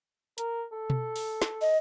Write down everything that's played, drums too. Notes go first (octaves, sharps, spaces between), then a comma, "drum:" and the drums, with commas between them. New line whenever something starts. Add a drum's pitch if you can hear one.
A#4, drum: hi-hat
A4
drum: tom B2
drum: open hi-hat
drum: snare
D#5